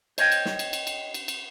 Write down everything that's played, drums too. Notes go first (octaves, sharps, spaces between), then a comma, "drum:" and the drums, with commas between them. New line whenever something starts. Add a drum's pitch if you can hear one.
C5 C#5 D#5 G5, drum: cymbal
drum: cymbal
drum: snare
drum: cymbal
drum: cymbal
drum: cymbal
drum: cymbal
drum: cymbal